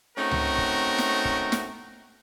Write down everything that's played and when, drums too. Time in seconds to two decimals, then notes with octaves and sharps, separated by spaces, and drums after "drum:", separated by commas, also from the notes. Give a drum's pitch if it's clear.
0.18 A3 C4 C#4 D#4 F#4 A#4
0.31 drum: tom C#2
0.58 drum: kick
0.98 drum: snare
1.25 drum: kick
1.52 drum: snare